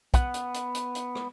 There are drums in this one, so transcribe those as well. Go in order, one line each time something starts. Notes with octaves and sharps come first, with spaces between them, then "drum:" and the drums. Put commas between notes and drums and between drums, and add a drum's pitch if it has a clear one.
B3 F#5, drum: kick, hi-hat
drum: hi-hat
drum: hi-hat
drum: hi-hat
drum: hi-hat
drum: rim click